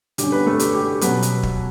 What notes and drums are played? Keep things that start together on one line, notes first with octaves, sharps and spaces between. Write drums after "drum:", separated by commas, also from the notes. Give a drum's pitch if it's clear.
D3 G3 C#4 G4, drum: hi-hat
B3 B4
A3 A4
G4, drum: hi-hat
G4
G4
B2 F#3 B3 C#4 B4, drum: hi-hat
drum: hi-hat
drum: kick